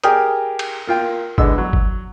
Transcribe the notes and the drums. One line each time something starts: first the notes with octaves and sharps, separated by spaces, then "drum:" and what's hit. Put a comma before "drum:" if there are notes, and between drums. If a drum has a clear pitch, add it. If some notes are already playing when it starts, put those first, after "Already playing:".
G4 G#4 A#4 G5 D#6, drum: hi-hat
drum: cymbal
A#3 F4 G5
D3 E3 G#3 B3 E6, drum: kick G1
F#3
drum: kick G1